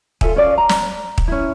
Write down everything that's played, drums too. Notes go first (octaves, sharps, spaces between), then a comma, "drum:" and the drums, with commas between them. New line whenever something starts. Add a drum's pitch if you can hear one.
F4 A4 E5 G#5, drum: kick
C#4 D5 F5
A#5
drum: snare
drum: kick
C#4 E4